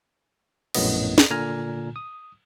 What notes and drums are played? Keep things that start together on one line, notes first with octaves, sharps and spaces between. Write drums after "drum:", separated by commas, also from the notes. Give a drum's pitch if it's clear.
A#1 F#2 A2 F#3 B3 D#5, drum: cymbal
drum: snare
A#2 D3 G#5 A#5 F6
D#6